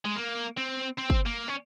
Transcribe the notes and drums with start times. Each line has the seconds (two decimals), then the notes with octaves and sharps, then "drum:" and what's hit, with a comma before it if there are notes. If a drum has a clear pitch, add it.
0.05 G#3
0.16 A#3
0.57 C4
0.98 C4
1.10 drum: kick
1.26 A#3
1.49 C#4